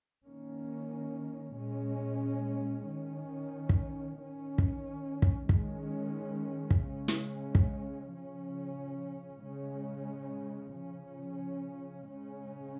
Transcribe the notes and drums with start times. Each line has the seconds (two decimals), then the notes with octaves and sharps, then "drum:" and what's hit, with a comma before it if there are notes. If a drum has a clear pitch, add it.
0.25 D#3 A#3 C#4
1.56 A#2 G#3 C#4
2.87 D#3 C#4
3.69 drum: kick
4.19 D#3 C#4
4.58 drum: kick
5.22 drum: kick
5.49 D#3 G#3 C#4, drum: kick
6.71 drum: kick
6.81 C#3 G#3 C#4
7.08 drum: snare
7.55 drum: kick
8.12 C#3 F3 C#4
9.43 C#3 G#3 C#4
10.74 C#3 F3 C#4
12.05 C#3 G#3 C#4